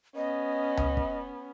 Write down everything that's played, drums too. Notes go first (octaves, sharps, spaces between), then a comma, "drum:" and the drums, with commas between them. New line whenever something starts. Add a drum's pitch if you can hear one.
B3 C#4 D#5
drum: tom C#2
drum: kick